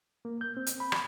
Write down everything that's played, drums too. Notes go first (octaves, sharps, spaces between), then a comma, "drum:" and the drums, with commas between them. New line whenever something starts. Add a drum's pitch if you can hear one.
A#3
G6
C4
drum: hi-hat
B5
drum: rim click